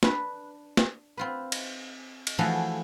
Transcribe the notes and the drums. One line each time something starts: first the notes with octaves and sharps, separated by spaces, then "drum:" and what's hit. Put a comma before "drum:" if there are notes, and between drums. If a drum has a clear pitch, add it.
D4 B4, drum: snare
drum: snare
C4 F4 B4
drum: cymbal
drum: cymbal
E3 F3 A3 F#4 G#4 A4